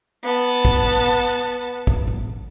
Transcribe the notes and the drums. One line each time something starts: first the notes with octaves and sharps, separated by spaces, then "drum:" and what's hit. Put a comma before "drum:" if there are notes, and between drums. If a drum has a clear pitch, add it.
B3 A5
drum: kick
drum: tom A2
drum: kick
drum: tom A2